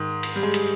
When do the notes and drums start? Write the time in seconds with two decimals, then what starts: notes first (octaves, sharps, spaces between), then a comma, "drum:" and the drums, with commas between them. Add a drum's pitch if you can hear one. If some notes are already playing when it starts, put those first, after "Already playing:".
Already playing: G#2 D#3
0.23 drum: cymbal
0.36 G3
0.43 G#3
0.54 drum: cymbal